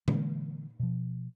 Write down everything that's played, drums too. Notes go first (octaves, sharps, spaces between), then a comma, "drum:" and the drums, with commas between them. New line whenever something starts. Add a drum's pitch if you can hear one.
D3 E3 G#3 A#3, drum: tom A#2
B2 F3